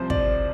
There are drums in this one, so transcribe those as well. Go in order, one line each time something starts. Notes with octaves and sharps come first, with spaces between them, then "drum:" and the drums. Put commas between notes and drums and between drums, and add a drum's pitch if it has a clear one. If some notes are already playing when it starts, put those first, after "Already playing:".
Already playing: C2 C3 F3 C5
D5, drum: kick